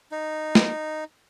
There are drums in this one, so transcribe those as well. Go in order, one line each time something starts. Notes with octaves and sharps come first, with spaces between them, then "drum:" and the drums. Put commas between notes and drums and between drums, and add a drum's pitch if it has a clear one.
D#4
drum: snare